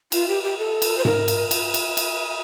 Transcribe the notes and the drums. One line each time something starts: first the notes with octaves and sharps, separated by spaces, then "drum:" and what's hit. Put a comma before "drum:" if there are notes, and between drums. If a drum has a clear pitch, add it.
F4, drum: cymbal
G4
G4
A4
drum: cymbal
C5
A#4, drum: tom G#2
drum: cymbal
drum: cymbal
drum: cymbal
drum: cymbal